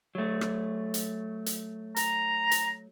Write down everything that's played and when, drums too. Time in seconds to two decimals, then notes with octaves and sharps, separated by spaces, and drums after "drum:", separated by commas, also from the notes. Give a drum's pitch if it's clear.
0.15 F#3 A3
0.41 drum: rim click
0.94 drum: hi-hat
1.46 drum: hi-hat
1.96 A#5, drum: hi-hat
2.51 drum: hi-hat